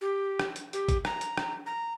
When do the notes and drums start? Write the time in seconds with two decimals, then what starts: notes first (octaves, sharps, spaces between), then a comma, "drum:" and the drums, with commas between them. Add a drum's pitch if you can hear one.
0.01 G4
0.39 drum: rim click
0.56 drum: hi-hat
0.73 G4, drum: hi-hat
0.89 drum: kick, hi-hat
1.05 A#5, drum: rim click
1.21 drum: hi-hat
1.38 drum: rim click
1.66 A#5